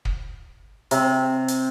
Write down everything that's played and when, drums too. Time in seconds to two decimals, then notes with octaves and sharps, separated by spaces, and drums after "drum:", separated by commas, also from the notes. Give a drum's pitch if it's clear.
0.05 drum: kick
0.91 C3, drum: hi-hat
1.48 drum: hi-hat